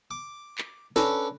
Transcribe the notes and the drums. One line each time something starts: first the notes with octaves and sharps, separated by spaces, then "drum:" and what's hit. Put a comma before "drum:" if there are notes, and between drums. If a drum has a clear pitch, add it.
D6
drum: clap
C#4 D4 A4 B4 A#5, drum: snare